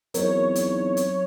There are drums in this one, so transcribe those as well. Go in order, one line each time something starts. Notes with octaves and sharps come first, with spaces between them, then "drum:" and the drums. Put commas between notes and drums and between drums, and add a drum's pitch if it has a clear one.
E2 F#3 C4 D#4 A#4 C#5, drum: hi-hat
drum: hi-hat
drum: hi-hat